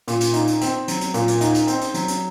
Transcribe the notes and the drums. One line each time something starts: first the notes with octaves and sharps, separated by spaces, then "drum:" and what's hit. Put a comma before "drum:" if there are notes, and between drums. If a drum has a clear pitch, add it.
A#2, drum: hi-hat
drum: hi-hat
D#4, drum: hi-hat
drum: hi-hat
C4, drum: hi-hat
F#3, drum: hi-hat
drum: hi-hat
A#2, drum: hi-hat
drum: hi-hat
D#4, drum: hi-hat
drum: hi-hat
C4, drum: hi-hat
drum: hi-hat
F#3, drum: hi-hat
drum: hi-hat